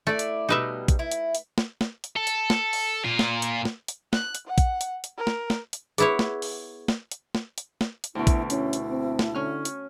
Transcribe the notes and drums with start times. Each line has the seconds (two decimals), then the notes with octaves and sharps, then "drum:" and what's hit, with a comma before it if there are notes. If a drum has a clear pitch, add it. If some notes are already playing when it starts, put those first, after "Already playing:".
0.07 A3 E4 D5
0.19 drum: hi-hat
0.49 B2 G3 D#4 B4 E5
0.88 drum: kick, hi-hat
0.99 E4
1.11 drum: hi-hat
1.35 drum: hi-hat
1.58 drum: snare
1.81 drum: snare
2.04 drum: hi-hat
2.16 A4
2.27 drum: hi-hat
2.50 drum: snare
2.73 drum: open hi-hat
3.05 A#2 F4
3.19 drum: snare
3.42 drum: hi-hat
3.65 drum: snare
3.88 drum: hi-hat
4.13 F#6, drum: snare
4.35 drum: hi-hat
4.47 F#5
4.58 drum: kick, hi-hat
4.81 drum: hi-hat
5.04 drum: hi-hat
5.18 A#4
5.27 drum: snare
5.50 drum: snare
5.73 drum: hi-hat
5.98 B3 E4 G#4 C#5, drum: hi-hat
6.19 drum: snare
6.42 drum: open hi-hat
6.88 drum: snare
7.12 drum: hi-hat
7.35 drum: snare
7.58 drum: hi-hat
7.81 drum: snare
8.04 drum: hi-hat
8.15 D2 B2 E4
8.27 drum: kick, hi-hat
8.50 C#4 E4, drum: hi-hat
8.73 drum: hi-hat
8.91 C4
9.19 drum: snare
9.34 D3 C#4 F6
9.65 drum: hi-hat